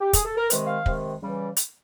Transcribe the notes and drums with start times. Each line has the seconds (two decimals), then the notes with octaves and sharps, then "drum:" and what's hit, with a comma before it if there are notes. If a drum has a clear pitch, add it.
0.01 G4
0.13 G#4, drum: kick, hi-hat
0.25 A4
0.37 A#4
0.50 C3 D#3 G#3 B4, drum: hi-hat
0.67 F5
0.86 C3 D#3 G#3, drum: kick
1.21 C#3 E3 G3
1.57 drum: hi-hat